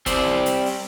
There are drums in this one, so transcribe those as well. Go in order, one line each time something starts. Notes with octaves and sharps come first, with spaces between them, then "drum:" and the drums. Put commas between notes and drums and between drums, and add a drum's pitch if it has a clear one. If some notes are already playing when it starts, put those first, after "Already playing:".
G3 C4 C5 D5, drum: kick, hi-hat
drum: snare
drum: hi-hat
drum: open hi-hat